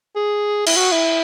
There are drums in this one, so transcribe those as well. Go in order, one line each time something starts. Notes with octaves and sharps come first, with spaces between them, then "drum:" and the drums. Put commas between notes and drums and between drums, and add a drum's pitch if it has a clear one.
G#4
E4, drum: cymbal
F#4
E4